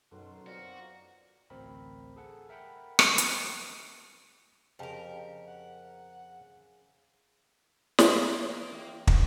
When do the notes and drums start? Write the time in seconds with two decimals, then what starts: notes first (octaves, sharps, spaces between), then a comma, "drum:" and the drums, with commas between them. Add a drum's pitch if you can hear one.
0.11 F#2 B2 D#3 F#3 A4 C6
0.47 C4 F4 F#4 A#4 D5
1.50 A1 D2 C4 A#4 B5
2.16 G#4 A4 F#5
2.49 A#4 E5 F#5 G5 B5
2.99 drum: rim click
3.18 drum: hi-hat
4.79 F2 C#3 G4 A#4
5.48 F#5
7.99 drum: snare
8.11 A#3 F4 G#4 C#5 E5
8.71 E3 G4
9.07 C4 D4 B5 C#6, drum: kick